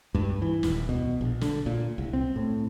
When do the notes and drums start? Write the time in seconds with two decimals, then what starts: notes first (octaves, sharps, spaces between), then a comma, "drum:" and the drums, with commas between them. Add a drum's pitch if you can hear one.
0.15 G2, drum: kick
0.42 E3
0.63 D#1, drum: snare
0.89 B2, drum: kick
1.21 A#1
1.41 D3, drum: snare
1.66 A#2
1.98 C2
2.13 C4
2.36 A2